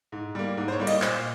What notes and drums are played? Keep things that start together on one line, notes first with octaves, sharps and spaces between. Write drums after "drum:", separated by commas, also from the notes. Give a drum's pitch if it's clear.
G#2
G3 A#3
G#2
C5
C#5
G3 A#3
D#5, drum: cymbal
A#2 C5, drum: clap